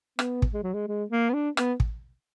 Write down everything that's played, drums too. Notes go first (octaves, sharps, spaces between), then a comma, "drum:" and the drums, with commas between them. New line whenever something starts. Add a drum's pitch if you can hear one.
B3, drum: rim click
drum: kick
G#3
F#3
G#3
G#3
A#3
B3
D4
B3, drum: rim click
drum: kick